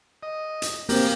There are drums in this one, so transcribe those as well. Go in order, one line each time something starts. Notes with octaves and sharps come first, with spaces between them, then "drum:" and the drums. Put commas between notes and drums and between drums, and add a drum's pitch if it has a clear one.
D#5
drum: hi-hat
A#3 C4 G4 A#4, drum: open hi-hat